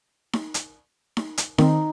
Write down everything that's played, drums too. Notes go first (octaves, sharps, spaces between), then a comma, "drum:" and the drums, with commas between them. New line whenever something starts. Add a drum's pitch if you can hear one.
drum: snare D#4
drum: hi-hat
drum: snare D#4
drum: hi-hat
D#3 C4 D#4, drum: snare D#4